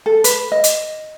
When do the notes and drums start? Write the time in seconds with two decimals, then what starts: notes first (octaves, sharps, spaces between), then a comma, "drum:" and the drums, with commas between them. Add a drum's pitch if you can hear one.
0.06 A4
0.24 B4, drum: hi-hat
0.52 D#5
0.64 drum: hi-hat